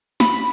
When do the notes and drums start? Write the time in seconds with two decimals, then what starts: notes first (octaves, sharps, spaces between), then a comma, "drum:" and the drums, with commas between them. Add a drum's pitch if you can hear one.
0.20 B5, drum: snare